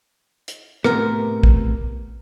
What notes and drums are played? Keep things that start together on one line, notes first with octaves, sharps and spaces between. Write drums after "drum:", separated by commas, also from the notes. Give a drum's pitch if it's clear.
drum: hi-hat
A2 C3 B3 A#4, drum: rim click
drum: kick